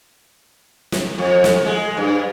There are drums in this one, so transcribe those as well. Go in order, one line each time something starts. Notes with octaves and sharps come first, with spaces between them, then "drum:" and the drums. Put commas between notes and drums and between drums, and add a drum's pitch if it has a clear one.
drum: snare
F2
drum: snare
G#3
G2